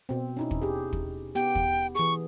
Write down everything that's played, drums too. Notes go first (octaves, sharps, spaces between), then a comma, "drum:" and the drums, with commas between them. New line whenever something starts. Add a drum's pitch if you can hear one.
B2 C4
C#4 D#4 E4
drum: kick
G4 G#4
drum: kick
B3 G4 G5
drum: kick
E3 G#4 C#6